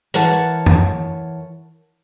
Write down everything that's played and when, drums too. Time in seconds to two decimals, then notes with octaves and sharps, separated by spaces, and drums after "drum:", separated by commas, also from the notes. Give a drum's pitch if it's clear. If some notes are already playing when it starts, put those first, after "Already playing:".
0.14 E3 A#4 C#5 F#5 A5, drum: hi-hat
0.66 drum: tom F2